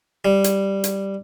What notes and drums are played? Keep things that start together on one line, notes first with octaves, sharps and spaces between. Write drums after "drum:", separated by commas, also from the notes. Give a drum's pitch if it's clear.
G3
drum: hi-hat
drum: hi-hat